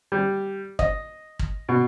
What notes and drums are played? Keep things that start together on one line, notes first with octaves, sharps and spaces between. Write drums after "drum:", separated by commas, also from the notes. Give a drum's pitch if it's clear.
G3
D#5, drum: kick
drum: kick
B2